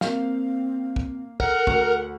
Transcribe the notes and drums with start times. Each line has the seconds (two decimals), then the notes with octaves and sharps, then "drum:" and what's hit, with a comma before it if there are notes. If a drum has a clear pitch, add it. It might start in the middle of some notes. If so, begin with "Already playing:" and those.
0.01 A#3 C4 F5, drum: snare
0.96 drum: kick
1.40 A4 A#4 F#5, drum: kick
1.67 D2, drum: kick